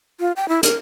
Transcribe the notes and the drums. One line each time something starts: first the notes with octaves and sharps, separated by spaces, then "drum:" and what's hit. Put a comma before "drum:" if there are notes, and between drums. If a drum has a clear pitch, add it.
F4
G5
E4
A#4, drum: hi-hat